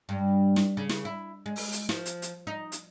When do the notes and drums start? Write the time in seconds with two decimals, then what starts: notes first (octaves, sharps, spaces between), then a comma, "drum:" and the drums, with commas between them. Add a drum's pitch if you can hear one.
0.09 G2
0.56 drum: snare
0.77 C#3
0.90 drum: snare
1.05 E4
1.46 G#3
1.56 drum: open hi-hat
1.72 drum: hi-hat
1.89 F3, drum: snare
2.06 drum: hi-hat
2.22 drum: hi-hat
2.47 D#4
2.72 drum: hi-hat